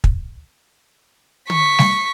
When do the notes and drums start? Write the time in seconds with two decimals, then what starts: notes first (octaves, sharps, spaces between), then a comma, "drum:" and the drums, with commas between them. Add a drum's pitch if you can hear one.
0.04 drum: kick
1.50 C#6 B6, drum: tom
1.79 drum: snare G3